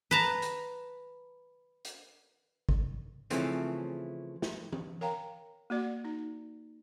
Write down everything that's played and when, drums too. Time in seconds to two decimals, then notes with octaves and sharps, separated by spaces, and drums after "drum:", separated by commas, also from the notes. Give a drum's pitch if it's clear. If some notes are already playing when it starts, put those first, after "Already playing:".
0.11 B4 A5 A#5
0.42 drum: hi-hat
1.85 drum: hi-hat
2.69 drum: kick
3.31 C#3 E3 F3 A3 C4 C#4, drum: hi-hat
4.42 drum: snare
4.72 drum: tom E3
5.01 A#4 C#5 F5 G5 A#5
5.70 A#3 F#4 D5
6.05 D#4